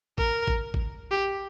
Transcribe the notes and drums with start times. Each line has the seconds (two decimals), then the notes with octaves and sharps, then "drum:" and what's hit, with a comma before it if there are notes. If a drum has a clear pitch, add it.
0.18 A#4, drum: kick G#1
0.47 drum: kick G#1
0.74 drum: kick G#1
1.11 G4